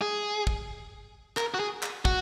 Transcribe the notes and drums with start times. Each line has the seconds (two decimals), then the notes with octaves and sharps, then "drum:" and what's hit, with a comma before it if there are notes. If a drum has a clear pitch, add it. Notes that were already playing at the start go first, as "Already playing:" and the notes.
0.01 G#4
0.47 drum: kick
1.37 A#4, drum: clap
1.54 F#4
1.60 G#4
1.83 drum: clap
2.05 F#4, drum: kick